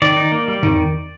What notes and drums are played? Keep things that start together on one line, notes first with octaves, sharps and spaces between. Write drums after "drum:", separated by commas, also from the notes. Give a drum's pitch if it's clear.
D#3 D5
D#4
A#3
G3
D#3, drum: tom E2